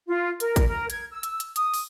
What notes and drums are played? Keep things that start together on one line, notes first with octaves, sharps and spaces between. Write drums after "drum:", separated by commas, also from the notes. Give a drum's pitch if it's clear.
F4
A#4, drum: hi-hat
drum: kick, hi-hat
A#4
G#6, drum: hi-hat
E6
drum: hi-hat
drum: hi-hat
D#6, drum: hi-hat
drum: open hi-hat